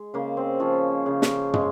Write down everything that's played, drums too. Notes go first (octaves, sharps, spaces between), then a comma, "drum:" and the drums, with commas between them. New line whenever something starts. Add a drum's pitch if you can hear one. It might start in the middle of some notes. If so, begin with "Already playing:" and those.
Already playing: G#3
C#3 A#3
C4
F3 C#4
C#3
drum: snare
G#3, drum: tom